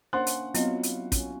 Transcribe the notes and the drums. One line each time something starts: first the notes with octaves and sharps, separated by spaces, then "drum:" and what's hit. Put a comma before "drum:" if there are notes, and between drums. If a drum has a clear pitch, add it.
A#3 C#4 D4 C5 F#5 C6 F#6
drum: hi-hat
F#3 B3 C4 E4 F4 D#5, drum: hi-hat
drum: hi-hat
C#4, drum: kick, hi-hat